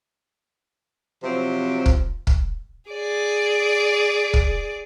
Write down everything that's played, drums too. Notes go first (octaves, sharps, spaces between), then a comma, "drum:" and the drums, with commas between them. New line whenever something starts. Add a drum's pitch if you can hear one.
C3 F3 F#3 C4
drum: kick
drum: kick
G#4 D5
drum: kick